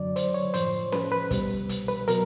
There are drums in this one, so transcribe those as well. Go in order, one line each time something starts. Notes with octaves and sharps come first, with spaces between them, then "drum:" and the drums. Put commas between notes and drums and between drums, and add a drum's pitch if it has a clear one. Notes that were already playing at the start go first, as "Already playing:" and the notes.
Already playing: F#2 D3 F#3 D5
C5, drum: hi-hat
C#5
A2 F3 C5, drum: hi-hat
B4, drum: snare C#4
B4
C2 B2 G3, drum: kick, hi-hat
drum: hi-hat
B4
B2 F#3 A#4, drum: hi-hat